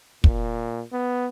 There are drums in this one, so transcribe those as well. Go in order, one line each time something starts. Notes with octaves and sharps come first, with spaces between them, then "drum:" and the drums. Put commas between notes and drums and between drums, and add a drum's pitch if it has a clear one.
A#2, drum: kick
B3